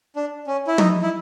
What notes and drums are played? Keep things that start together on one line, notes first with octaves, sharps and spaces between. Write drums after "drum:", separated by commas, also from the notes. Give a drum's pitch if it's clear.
D4
C#4
E4
D#4, drum: tom
E4